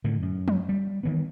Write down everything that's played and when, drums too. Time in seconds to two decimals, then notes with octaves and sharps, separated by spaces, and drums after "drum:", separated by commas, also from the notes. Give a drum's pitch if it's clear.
0.04 A2 D3 D#3
0.22 F#2
0.48 drum: tom F3
0.69 G3
1.03 D#3 E3 B3